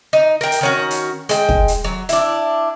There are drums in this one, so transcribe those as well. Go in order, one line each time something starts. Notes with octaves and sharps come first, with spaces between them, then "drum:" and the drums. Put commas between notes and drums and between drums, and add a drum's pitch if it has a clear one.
D#4
A#4 G5
drum: hi-hat
D#3 C#4 F#4
drum: hi-hat
G#3 G5, drum: hi-hat
drum: kick
drum: hi-hat
F#3
D4 E4, drum: hi-hat